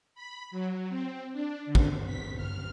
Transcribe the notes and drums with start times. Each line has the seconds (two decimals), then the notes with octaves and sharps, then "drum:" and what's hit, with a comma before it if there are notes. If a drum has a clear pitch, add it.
0.15 B5
0.51 F#3
0.89 C4
1.32 D4
1.66 D3
1.75 drum: kick
2.06 B6
2.37 F6